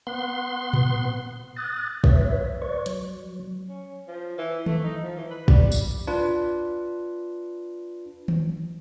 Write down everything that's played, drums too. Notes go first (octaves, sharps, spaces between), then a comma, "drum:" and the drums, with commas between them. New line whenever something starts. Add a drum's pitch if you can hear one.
B3 C6
drum: tom A2
D#6 F#6 A6
B4 C#5 E5, drum: kick
B4 C#5 D5 C#6
F#3, drum: hi-hat
C#4
F3
E3
A3, drum: tom D#3
D#4
F3
E3
B4
G3, drum: kick
drum: tambourine
D4 F4 B4
drum: tom D#3